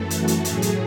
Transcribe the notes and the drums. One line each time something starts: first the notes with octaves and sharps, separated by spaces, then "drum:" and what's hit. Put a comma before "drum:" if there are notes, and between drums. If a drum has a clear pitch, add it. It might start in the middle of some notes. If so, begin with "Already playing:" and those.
Already playing: F#2 E3 A3 A4
F#4, drum: hi-hat
drum: hi-hat
A2 F#3 A3 G#4, drum: hi-hat
drum: hi-hat